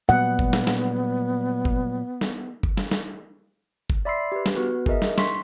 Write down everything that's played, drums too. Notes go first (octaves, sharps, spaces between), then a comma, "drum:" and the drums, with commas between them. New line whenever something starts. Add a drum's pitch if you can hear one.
A#2 F#3 G3 B3 F#5
drum: kick
drum: snare
drum: snare
drum: kick
drum: snare
drum: kick
drum: snare
drum: snare
drum: kick
D5 E5 B5 C6 E6 C7
G4 B4
drum: snare
B3 F#4 B4
G#4 A#4 D#5 E5, drum: kick
drum: snare
C6 C#6 B6, drum: snare